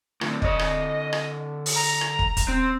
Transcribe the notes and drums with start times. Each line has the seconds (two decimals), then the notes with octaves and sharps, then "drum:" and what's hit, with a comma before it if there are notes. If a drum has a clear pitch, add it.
0.21 A2 D3, drum: rim click
0.42 D3 C#5 D#5, drum: kick
0.59 drum: rim click
1.13 drum: rim click
1.66 drum: open hi-hat
1.76 A#5
2.01 drum: rim click
2.19 drum: kick
2.37 drum: kick, hi-hat
2.48 C4